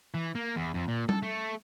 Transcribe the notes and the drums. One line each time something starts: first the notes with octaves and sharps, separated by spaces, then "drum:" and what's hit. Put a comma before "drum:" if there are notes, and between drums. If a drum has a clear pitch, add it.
E3
A#3
E2
F2
A#2
A4, drum: tom G3
A3